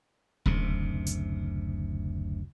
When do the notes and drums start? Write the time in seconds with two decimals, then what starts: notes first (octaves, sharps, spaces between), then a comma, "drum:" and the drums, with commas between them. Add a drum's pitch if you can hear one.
0.46 F#1 D2 C3, drum: kick D#1
1.07 drum: hi-hat